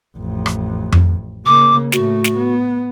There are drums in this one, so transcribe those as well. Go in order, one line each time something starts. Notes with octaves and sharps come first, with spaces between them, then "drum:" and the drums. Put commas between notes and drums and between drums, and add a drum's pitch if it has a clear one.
A1 F2
drum: rim click
drum: tom F2
C#3 A#3 D6
A2 A3 F#4, drum: snare
drum: snare
B3